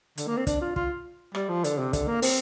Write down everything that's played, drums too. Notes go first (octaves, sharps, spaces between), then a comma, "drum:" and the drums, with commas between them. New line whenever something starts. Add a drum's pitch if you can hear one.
D3, drum: hi-hat
A#3
C4
D4, drum: kick, hi-hat
F4
F4, drum: kick
G3, drum: rim click
F3
D3, drum: hi-hat
C3
D3, drum: kick, hi-hat
A#3
C4, drum: open hi-hat